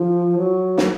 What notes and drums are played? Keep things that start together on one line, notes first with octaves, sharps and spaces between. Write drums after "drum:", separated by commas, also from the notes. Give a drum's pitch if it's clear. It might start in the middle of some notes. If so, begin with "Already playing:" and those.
Already playing: F3
F#3
drum: snare